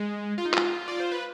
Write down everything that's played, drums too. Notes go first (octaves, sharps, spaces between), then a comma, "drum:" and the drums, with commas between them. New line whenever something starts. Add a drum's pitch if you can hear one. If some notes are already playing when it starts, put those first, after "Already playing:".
Already playing: G#3
F4
D#4
F4, drum: clap
D5
C5
B4